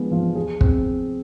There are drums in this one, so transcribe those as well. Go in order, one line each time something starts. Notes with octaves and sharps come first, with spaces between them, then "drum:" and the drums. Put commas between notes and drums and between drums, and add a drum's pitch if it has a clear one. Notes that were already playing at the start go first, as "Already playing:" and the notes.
Already playing: F3 G#3 B3 D4
F3
G#4
C4, drum: kick